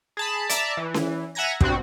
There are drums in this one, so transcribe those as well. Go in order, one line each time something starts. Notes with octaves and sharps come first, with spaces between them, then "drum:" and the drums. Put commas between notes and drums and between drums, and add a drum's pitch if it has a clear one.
G#4 A5 B5
D5 E5 A5 A#5, drum: hi-hat
E3
drum: snare C#4
E5 F#5 G#5 A#5 G#6 A#6
G2 B2 C4 F#4, drum: kick